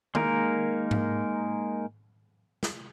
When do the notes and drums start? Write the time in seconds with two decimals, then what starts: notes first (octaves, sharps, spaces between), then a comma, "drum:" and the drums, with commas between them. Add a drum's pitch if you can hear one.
0.15 G#3 A#3 D#4 A#4, drum: tom D#3
0.91 drum: tom G#2
2.63 drum: snare